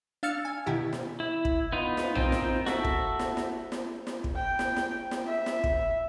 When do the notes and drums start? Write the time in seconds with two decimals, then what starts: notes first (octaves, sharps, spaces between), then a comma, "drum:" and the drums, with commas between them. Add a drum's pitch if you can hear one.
0.23 D4 F5 E6 F6 A6 C#7
0.45 G#5
0.66 B2 D#3 E4 G4
0.93 drum: snare
1.20 E4
1.45 drum: kick
1.73 B3 D#4 F4
1.97 drum: snare
2.15 C4 D#4 F4 A#4 G5, drum: tom A#1
2.32 drum: snare
2.66 F#4 A4 E5, drum: snare
2.85 drum: kick
3.19 drum: snare
3.37 drum: snare
3.72 drum: snare
4.07 drum: snare
4.24 drum: kick
4.36 G5
4.59 drum: snare
4.76 drum: snare
5.11 drum: snare
5.27 E5
5.46 drum: snare
5.64 drum: kick